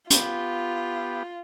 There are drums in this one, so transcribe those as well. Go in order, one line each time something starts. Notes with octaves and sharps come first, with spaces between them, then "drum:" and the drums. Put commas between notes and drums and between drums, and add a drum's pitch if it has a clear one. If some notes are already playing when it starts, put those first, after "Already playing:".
B3 F4 G4, drum: hi-hat